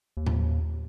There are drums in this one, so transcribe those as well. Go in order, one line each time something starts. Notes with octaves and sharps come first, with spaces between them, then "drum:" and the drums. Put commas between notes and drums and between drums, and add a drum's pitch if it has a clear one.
D#2
drum: tom A2